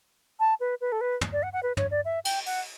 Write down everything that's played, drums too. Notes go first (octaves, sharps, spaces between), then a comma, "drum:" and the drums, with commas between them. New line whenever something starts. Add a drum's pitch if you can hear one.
A5
B4
B4
A4
B4
drum: tom
D5
F#5
F#5
B4
C#5, drum: tom
D5
E5
G5, drum: cymbal
F#5, drum: open hi-hat